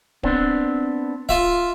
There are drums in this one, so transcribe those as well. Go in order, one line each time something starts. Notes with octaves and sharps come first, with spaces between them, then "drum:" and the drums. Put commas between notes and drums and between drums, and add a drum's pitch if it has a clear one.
B3 C4 D4, drum: kick D1
F4 E5, drum: kick D1